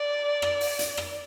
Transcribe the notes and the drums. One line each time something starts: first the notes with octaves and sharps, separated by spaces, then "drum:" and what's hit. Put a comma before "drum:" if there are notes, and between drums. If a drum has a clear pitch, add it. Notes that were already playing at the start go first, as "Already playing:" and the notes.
Already playing: D5
drum: rim click
drum: open hi-hat
drum: hi-hat
drum: rim click